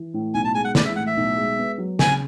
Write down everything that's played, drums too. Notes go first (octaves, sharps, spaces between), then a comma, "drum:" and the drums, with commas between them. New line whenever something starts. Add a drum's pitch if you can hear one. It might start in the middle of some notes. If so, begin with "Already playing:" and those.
Already playing: E3
A2
B1 G#5
A5
G#3 G#5
F#5
E3 D5, drum: snare
E5
A2 F#5
E5
B1
G#3
B3
F#3
C#3 G#5, drum: snare